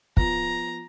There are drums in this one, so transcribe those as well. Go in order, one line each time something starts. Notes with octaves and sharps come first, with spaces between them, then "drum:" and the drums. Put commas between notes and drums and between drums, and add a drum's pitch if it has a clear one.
F3 B3 F4 A#5, drum: kick